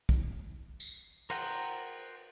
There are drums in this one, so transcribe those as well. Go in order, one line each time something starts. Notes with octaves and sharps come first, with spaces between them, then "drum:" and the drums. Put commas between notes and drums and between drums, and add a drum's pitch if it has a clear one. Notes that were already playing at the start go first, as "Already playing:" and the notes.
drum: kick
drum: tambourine
A#4 C5 F#5 G5 A#5, drum: cymbal